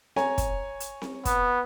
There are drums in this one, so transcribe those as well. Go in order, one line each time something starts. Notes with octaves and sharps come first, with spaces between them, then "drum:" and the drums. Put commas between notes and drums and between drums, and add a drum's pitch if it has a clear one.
C#5 G#5 A#5, drum: snare C4
drum: kick, hi-hat
drum: hi-hat
drum: snare C4
B3, drum: kick, hi-hat